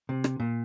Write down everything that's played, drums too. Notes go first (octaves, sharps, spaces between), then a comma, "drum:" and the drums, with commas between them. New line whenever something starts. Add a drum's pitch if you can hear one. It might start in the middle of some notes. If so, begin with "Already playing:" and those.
C3
drum: rim click
A#2